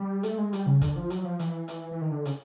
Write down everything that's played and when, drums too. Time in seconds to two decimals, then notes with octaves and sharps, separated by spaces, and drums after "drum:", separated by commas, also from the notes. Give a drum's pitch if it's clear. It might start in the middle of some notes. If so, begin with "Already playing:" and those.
Already playing: G3
0.23 A3, drum: hi-hat
0.38 G#3
0.53 G3, drum: hi-hat
0.66 C#3
0.81 D3, drum: kick, hi-hat
0.96 F3
1.10 F#3, drum: hi-hat
1.25 F3
1.39 E3, drum: hi-hat
1.68 drum: hi-hat
1.91 E3
2.01 D#3
2.11 D3
2.25 C#3, drum: hi-hat